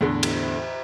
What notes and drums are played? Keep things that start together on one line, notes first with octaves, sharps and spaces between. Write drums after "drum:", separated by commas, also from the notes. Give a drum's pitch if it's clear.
E2 A2 D3
drum: cymbal